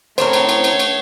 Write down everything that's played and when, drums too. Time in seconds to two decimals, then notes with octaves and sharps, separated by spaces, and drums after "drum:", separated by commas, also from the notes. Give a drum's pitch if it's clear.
0.18 A2 A3 C4 A#4 C5 C#5, drum: cymbal
0.33 drum: cymbal
0.49 drum: cymbal
0.64 drum: cymbal
0.79 drum: cymbal